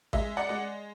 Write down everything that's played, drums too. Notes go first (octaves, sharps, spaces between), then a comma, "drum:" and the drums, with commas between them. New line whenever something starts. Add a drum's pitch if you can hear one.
G#3 E5, drum: kick A1
D5 F#5
G#3